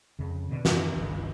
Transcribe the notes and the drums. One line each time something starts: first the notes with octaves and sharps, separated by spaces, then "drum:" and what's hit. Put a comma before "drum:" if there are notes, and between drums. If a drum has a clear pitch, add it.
F2 C#3
B2 D3 C4
F#2 E3, drum: snare
G1 C#2